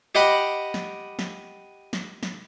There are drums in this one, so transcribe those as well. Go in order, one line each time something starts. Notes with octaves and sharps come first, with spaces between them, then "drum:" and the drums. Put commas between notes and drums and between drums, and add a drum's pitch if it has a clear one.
G4 D#5 F#5 B5
drum: snare
drum: snare
drum: snare
drum: snare